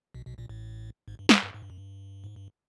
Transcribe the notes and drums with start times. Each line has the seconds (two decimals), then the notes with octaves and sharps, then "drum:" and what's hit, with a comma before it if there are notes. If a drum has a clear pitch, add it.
0.14 B1 B2
0.26 B1 B2
0.38 A#1 A#2
0.49 A1 A2
1.08 G#1 G#2
1.19 G2
1.29 drum: snare
1.43 G2
1.54 G#2
1.62 G2
1.70 F#2
1.78 G2
2.24 G#2
2.36 G2